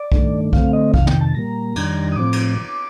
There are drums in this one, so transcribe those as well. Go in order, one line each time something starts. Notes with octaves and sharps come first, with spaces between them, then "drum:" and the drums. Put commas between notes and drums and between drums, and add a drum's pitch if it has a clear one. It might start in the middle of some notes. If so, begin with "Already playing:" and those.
Already playing: D5
G2 D#3 A3 D4, drum: kick B1
D3 A3 C4 F5, drum: kick B1
D#5
F2 C3 D#3 F5, drum: kick B1
G5, drum: tom
A5
A#2 G3 A#3 A#5
F2 D#3 G3 D4, drum: cymbal
D#6
A2 F3 C4 D6
drum: cymbal